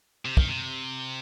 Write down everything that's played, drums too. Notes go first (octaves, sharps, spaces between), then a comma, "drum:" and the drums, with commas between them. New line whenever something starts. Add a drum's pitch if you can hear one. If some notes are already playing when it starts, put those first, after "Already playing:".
C3
D#3, drum: kick
C3